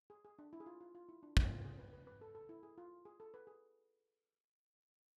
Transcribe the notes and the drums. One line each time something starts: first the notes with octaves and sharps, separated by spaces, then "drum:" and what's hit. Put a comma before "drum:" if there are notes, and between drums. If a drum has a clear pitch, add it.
G#4
G#4
D4
E4
G#4
F4
F4
F4
E4
D4
E4, drum: kick
F4
G#4
B4
B4
B4
A4
A4
E4
G#4
F4
G#4
A4
B4
G#4